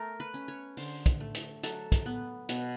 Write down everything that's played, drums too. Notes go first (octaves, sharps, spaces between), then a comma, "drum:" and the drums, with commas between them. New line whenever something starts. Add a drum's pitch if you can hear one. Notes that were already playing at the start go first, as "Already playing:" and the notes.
Already playing: A3 A#4
B4
C#4
C#5
D3 C5, drum: open hi-hat
drum: kick, hi-hat
A3
drum: hi-hat
F#3 A4, drum: hi-hat
drum: kick, hi-hat
B3
B2, drum: hi-hat